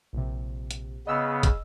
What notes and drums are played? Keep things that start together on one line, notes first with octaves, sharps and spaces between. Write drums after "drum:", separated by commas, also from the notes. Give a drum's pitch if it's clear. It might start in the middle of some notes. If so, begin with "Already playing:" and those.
A#1 C3
drum: hi-hat
C#3 B3 D#5 E6 F6
drum: kick, hi-hat